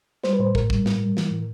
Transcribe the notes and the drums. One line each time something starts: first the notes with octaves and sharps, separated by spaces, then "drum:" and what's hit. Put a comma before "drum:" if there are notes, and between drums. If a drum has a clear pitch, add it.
G3 C5, drum: snare
B4
A2 C5
A2 A#4, drum: kick
G3, drum: kick
A2, drum: snare
G3
E3, drum: snare
A2